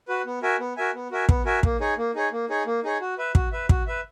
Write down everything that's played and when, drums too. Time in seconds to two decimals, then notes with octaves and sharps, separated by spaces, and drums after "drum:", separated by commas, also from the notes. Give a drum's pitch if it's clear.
0.08 F#4 B4
0.25 B3
0.43 F#4 A#4 E5 G#5
0.60 B3
0.77 F#4 A#4 E5 G#5
0.94 B3
1.11 F#4 A#4 E5 G#5
1.29 B3, drum: kick
1.45 F#4 A#4 E5 G#5
1.63 A#3, drum: kick
1.80 D#4 G#4 C#5
1.97 A#3
2.15 D#4 G#4 C#5
2.32 A#3
2.49 D#4 G#4 C#5
2.66 A#3
2.83 D#4 G#4 C#5
3.01 F#4
3.18 B4 E5
3.35 F#4, drum: kick
3.52 B4 E5
3.69 F#4, drum: kick
3.87 B4 E5